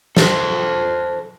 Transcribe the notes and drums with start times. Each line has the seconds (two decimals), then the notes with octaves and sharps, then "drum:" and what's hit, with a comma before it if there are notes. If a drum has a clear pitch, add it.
0.17 A4 C5, drum: snare